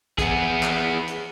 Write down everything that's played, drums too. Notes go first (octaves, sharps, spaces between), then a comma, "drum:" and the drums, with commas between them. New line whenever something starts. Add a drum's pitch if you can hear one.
B3 G#4, drum: kick A#1, hi-hat
drum: clap
drum: hi-hat